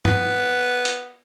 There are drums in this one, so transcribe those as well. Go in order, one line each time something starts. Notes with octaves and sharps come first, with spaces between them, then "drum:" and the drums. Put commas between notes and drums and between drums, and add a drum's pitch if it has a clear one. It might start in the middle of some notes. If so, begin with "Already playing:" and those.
B3, drum: tom G2
drum: hi-hat